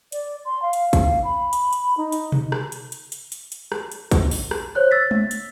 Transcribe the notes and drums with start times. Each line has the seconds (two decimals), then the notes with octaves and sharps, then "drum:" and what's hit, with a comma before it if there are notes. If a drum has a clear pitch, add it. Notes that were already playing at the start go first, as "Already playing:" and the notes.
0.12 D5, drum: hi-hat
0.45 C6
0.62 F5
0.73 drum: hi-hat
0.93 drum: kick, hi-hat
1.24 B5
1.53 drum: hi-hat
1.73 drum: hi-hat
1.97 D#4
2.12 drum: hi-hat
2.32 drum: tom B2
2.52 drum: rim click
2.72 drum: hi-hat
2.92 drum: hi-hat
3.12 drum: hi-hat
3.32 drum: hi-hat
3.52 drum: hi-hat
3.72 drum: rim click
3.92 drum: hi-hat
4.11 drum: kick, hi-hat
4.31 drum: open hi-hat
4.51 drum: rim click
4.75 C5 C#5 F#6
4.91 E6 A6 B6
5.11 drum: tom G#3
5.31 drum: hi-hat